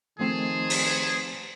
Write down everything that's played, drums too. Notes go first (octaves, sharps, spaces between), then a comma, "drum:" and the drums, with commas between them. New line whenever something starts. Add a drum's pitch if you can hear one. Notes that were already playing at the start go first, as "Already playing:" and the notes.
D#3 F3 A3 C4 G#4 C5 A5
drum: open hi-hat